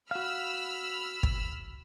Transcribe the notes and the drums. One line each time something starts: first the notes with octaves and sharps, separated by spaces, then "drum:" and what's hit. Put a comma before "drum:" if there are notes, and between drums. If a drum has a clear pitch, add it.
F#4 F5 B5 E6 F6
drum: kick